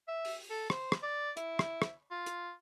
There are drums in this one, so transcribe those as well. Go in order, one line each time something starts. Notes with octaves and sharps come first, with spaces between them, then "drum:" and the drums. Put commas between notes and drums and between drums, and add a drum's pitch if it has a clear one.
E5
drum: open hi-hat
A4
C5, drum: rim click
drum: rim click
D5
E4, drum: hi-hat
drum: rim click
drum: rim click
F4
drum: hi-hat